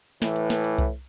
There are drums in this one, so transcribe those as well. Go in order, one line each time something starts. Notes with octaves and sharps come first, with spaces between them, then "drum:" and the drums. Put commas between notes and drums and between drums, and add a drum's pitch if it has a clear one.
A2 E3, drum: snare
drum: hi-hat
drum: snare
drum: hi-hat
drum: kick C2, hi-hat